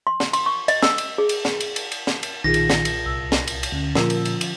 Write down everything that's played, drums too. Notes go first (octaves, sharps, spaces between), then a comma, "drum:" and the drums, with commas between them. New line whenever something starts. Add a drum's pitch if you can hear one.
C6
drum: snare
C6, drum: cymbal
C#6
D#5, drum: cymbal
E6, drum: snare
drum: cymbal
G#4
drum: cymbal
drum: snare
drum: cymbal
drum: cymbal
drum: cymbal
drum: snare
drum: cymbal
B1 A#2 D#3 F4 G#4 A#6
drum: cymbal
drum: snare
drum: cymbal
C2 E6
drum: snare
drum: cymbal
drum: cymbal
D2 D3 C#4
A#2 F3 F4 A#4 E6, drum: snare
drum: cymbal
drum: cymbal
drum: cymbal